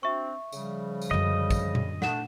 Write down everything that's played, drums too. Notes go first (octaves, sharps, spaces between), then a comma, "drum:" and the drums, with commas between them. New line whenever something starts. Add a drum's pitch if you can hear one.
C4 D4 F#4 E5 C#6
C#3 F3 G3, drum: tambourine
drum: tambourine
F#2 D3 D#5
drum: kick, tambourine
drum: tom A#2
A3 D4 F#5 E7, drum: snare